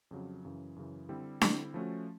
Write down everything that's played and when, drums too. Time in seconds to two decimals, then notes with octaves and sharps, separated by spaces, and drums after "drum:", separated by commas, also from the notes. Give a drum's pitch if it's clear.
0.11 F2 C#3 F#3
0.45 F#2 C#3 E3
0.76 F#2 C#3 E3
1.09 D3 G3 C4 E4
1.41 D3 G3 C4 E4, drum: snare D4
1.74 F3 A3 C#4 F#4